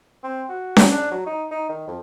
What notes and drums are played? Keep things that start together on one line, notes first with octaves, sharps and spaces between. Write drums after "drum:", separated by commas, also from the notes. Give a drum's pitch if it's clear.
C4
F#4
drum: snare C#4
D4
F#3
D#4
D#4
D#3
F2